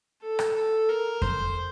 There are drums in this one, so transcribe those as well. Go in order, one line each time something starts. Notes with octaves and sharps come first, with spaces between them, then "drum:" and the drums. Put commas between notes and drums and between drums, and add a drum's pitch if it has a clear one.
A4
drum: rim click
A4
A#4
C5, drum: kick F2